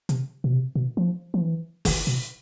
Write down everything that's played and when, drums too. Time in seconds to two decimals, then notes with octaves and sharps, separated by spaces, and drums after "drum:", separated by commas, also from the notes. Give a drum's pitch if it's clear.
0.09 C3, drum: hi-hat
0.44 B2
0.53 C3
0.76 B2
0.97 F3
1.34 F3
1.41 E3
1.85 D#3, drum: kick F#1, open hi-hat
2.07 B2